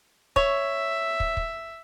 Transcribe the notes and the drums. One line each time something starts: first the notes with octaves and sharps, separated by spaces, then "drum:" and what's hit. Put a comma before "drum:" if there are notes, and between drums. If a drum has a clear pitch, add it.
C#5 E5, drum: kick
drum: kick
drum: kick